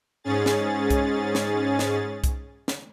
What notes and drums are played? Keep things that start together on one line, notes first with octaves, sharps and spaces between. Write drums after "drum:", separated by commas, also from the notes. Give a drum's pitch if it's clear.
G#2 C#4 G#4 A6
drum: snare
drum: kick C2, hi-hat
drum: snare
drum: snare
drum: kick C2, hi-hat
drum: snare